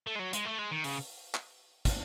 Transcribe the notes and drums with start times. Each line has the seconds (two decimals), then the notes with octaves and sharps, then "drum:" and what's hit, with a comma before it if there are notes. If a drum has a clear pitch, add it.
0.07 A3
0.15 G#3
0.19 F#3
0.33 G#3, drum: hi-hat
0.45 A3
0.58 G#3
0.71 D#3
0.84 C#3, drum: open hi-hat
1.34 drum: clap
1.85 drum: kick, hi-hat